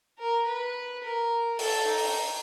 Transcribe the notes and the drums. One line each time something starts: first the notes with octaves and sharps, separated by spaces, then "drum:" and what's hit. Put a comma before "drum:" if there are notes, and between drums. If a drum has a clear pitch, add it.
A#4
B4
A#4
A4, drum: open hi-hat
D#4
drum: open hi-hat